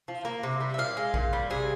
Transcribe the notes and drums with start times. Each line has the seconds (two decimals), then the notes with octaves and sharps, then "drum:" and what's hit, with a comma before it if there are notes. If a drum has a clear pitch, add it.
0.08 F3
0.25 A#3
0.43 C3
0.60 G3
0.74 E5
0.78 A#2 F5
0.97 G#3
1.14 A#2, drum: kick A1
1.33 G3
1.50 C3 G#4